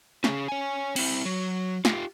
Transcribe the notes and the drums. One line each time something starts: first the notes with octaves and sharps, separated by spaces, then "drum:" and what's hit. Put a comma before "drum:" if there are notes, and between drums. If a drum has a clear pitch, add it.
C#4 G#4, drum: snare
C#5 G#5
C4 E4, drum: cymbal
F#3
F4 G4, drum: snare